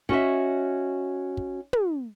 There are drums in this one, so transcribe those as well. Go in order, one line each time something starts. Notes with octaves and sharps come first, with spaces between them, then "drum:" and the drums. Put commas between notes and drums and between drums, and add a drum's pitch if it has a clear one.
C#4 F#4 D#5 E5, drum: kick
drum: kick
drum: tom